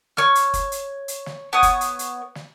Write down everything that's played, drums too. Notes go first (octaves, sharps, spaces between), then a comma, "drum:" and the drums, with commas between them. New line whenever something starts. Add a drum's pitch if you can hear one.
C#5 F6, drum: snare
drum: hi-hat
drum: kick F#1, hi-hat
drum: hi-hat
drum: hi-hat
drum: snare
B3 C#5 D#6
drum: kick F#1, hi-hat
drum: hi-hat
drum: hi-hat
drum: snare